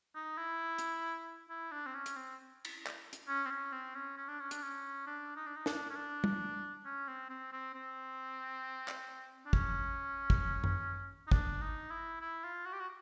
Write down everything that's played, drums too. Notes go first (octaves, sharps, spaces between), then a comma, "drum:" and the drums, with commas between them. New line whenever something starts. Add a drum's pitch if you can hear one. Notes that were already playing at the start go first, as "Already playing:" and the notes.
D#4
E4
drum: hi-hat
E4
D4
C4
C#4
drum: hi-hat
C4
drum: cymbal
drum: clap
drum: hi-hat
C#4
C4
C#4
C4
C#4
C#4
D4
C#4
D4, drum: hi-hat
C#4
D4
D#4
D4
D#4
D4, drum: snare
C#4
D4
drum: tom G3
C#4
C4
C4
C4
C4
drum: clap
D4
C#4, drum: kick
drum: kick
drum: tom F#2
D#4
D4, drum: kick
D#4
E4
E4
F4
F#4
G4
F#4